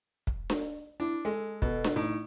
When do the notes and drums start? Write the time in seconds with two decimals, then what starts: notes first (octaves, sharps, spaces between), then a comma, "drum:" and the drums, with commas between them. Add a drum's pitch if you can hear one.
0.27 drum: kick
0.50 drum: snare D4
1.00 D4 E4
1.25 G#3 A4
1.62 B2, drum: kick
1.84 drum: snare D4
1.96 A2 D#4